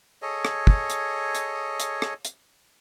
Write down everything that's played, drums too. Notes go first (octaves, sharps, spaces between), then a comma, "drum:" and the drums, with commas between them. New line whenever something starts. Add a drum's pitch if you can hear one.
G#4 A4 C#5 D#5
drum: rim click
drum: kick
drum: hi-hat
drum: hi-hat
drum: hi-hat
drum: rim click
drum: hi-hat